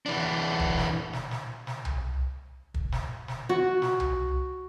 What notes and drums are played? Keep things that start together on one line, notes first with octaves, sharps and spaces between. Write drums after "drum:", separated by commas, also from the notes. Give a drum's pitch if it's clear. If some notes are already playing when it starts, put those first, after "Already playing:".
E3 D4
drum: kick
drum: snare
drum: snare
drum: snare
drum: snare
drum: tom C2
drum: kick
drum: snare
drum: snare
F#4
drum: snare
drum: tom C2